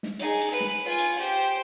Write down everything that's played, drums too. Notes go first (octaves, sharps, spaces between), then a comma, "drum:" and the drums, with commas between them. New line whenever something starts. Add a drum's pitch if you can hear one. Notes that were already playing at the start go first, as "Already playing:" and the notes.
drum: snare
D#4 G#4, drum: cymbal
drum: cymbal
B4
drum: snare
F4 G#5
drum: cymbal
G4 C5